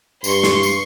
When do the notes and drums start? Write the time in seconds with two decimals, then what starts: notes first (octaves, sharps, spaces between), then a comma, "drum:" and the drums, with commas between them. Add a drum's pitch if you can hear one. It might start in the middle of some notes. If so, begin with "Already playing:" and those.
0.24 G2 C6 C#6, drum: tambourine
0.43 drum: snare
0.63 drum: tambourine